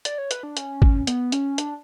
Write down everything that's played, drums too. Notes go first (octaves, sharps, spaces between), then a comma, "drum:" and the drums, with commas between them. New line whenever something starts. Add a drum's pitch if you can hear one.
D5, drum: hi-hat
C#5
B4, drum: hi-hat
D4
C#4, drum: hi-hat
drum: kick
B3, drum: hi-hat
C#4, drum: hi-hat
D4, drum: hi-hat